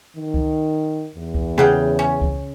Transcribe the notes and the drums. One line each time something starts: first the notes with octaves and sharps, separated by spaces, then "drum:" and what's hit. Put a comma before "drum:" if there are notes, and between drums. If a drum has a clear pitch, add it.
D#3
drum: kick C#2
E2
drum: kick C#2
C#3 G4 F#5 G5
C#4
drum: kick C#2